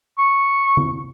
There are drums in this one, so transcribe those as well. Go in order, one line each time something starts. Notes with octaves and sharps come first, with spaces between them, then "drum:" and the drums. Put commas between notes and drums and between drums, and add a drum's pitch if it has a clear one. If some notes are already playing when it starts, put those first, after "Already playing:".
C#6
drum: tom D3